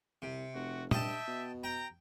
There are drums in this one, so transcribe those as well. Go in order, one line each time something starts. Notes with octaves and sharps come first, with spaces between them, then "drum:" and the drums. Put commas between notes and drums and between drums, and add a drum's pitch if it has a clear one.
C2 C3
F1 F#4
G2 D#5 E5 G5 A5, drum: tom
B2
G5 A#5